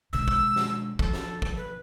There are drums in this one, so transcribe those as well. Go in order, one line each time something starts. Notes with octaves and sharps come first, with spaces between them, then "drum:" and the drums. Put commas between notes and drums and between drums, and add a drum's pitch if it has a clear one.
B2 G#3 E6
drum: kick
drum: snare
F3 A4, drum: kick
drum: snare
drum: kick
B4